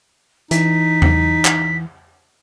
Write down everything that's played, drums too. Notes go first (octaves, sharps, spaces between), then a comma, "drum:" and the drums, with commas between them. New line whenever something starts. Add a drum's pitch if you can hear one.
E3 D#4 B6, drum: hi-hat
drum: tom E2
drum: clap